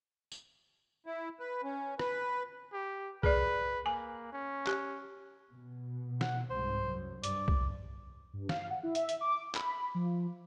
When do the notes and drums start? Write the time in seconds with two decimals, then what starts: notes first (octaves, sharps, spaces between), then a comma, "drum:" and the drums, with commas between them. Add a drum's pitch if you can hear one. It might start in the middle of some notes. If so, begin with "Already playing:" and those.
0.32 drum: tambourine
1.06 E4
1.40 B4
1.64 C#4
1.99 B4, drum: rim click
2.73 G4
3.23 G#4 B4 D5, drum: kick C2
3.86 A#3 G#5
4.33 C#4
4.67 G4, drum: clap
5.51 B2
6.21 F#5, drum: snare
6.50 C2 G#2 C5
6.85 F#2
7.24 G2 D5, drum: hi-hat
7.48 drum: kick C2
8.33 G2
8.49 F5, drum: snare
8.70 F#5
8.83 E4
8.95 E5, drum: hi-hat
9.09 drum: hi-hat
9.21 D6
9.55 B5, drum: clap
9.95 F3